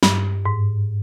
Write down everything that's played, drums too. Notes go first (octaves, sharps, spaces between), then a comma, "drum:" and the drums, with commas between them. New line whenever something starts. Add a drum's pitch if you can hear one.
G2, drum: snare
G#2